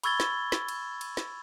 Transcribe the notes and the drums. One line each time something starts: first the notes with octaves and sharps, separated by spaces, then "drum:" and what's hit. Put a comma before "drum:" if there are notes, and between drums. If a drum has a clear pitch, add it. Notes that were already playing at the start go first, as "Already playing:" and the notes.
B5 C#6 E6 G#6 A6 G7, drum: cymbal
drum: snare
drum: snare
drum: cymbal
drum: cymbal
drum: snare